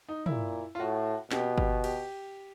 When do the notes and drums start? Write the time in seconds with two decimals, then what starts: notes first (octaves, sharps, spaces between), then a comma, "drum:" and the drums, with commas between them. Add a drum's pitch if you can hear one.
0.08 D#4
0.26 A#2 E4, drum: tom
0.75 F4
0.79 A2 F#4
1.31 B2 G4, drum: snare
1.58 G4, drum: kick G1
1.84 G4, drum: cymbal